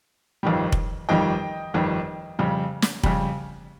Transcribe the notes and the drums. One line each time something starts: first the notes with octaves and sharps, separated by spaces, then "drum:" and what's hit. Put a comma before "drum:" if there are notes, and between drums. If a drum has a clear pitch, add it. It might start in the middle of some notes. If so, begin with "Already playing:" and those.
G1 F2 D#3 G3
drum: kick F1
G1 F2 D#3 G3 D#5 G5
G1 F2 D#3 G3
F2 C#3 G3
drum: snare
F2 C#3 G3, drum: kick F1